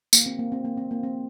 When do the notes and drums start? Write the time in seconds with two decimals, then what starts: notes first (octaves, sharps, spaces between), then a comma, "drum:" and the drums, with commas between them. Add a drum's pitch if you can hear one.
0.13 A#3, drum: tambourine
0.26 C4
0.39 A#3
0.52 C4
0.65 A#3
0.77 C4
0.91 A#3
1.03 C4